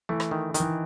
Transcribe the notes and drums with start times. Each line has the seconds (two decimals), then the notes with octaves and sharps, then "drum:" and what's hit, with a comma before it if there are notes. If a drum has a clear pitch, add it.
0.09 E3 A3
0.20 drum: rim click
0.31 D#3
0.54 D#3, drum: hi-hat
0.60 E3